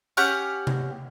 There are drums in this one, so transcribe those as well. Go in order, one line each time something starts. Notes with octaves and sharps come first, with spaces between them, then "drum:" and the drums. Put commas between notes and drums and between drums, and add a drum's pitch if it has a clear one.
C#4 G4 F#5 F6, drum: tambourine
drum: tom C3